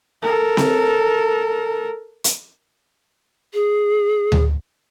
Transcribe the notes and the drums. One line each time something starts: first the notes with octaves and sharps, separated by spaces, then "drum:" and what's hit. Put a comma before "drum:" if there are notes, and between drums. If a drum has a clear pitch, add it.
A4 A#4
drum: snare C4
drum: hi-hat
G#4
drum: tom D2